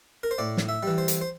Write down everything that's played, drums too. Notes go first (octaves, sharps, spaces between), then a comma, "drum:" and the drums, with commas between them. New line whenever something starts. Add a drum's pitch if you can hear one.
A#4
C5
A2 D5
drum: snare
E5
E3 G3
C5
drum: hi-hat
C5